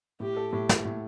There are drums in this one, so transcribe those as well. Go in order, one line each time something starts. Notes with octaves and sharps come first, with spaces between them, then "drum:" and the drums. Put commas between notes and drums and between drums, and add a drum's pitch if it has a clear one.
A2 G4
A4
A2 G4
A2, drum: snare
A2